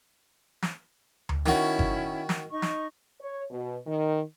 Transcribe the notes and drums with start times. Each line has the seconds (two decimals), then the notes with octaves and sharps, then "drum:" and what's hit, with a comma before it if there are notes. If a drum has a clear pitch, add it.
0.62 drum: snare
1.29 drum: tom D2
1.46 D#3 C#4 E4 F#4, drum: snare
1.79 drum: kick G1
2.29 drum: snare
2.51 D#4 D#5 C#6
2.62 drum: snare
3.20 C#5
3.49 B2
3.86 D#3